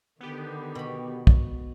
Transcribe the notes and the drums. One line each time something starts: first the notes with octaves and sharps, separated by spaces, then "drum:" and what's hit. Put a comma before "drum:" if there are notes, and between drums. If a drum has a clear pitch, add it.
D3 D#3 B3 G4
B2 B5
drum: kick